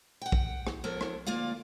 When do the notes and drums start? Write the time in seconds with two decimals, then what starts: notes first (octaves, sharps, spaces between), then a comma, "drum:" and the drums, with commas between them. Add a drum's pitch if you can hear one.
0.22 F#5 G5
0.32 drum: kick
0.67 drum: rim click
0.84 F3 B3 A4 A#4 C#5
1.01 drum: rim click
1.26 D2 A#3 F4 D5 F5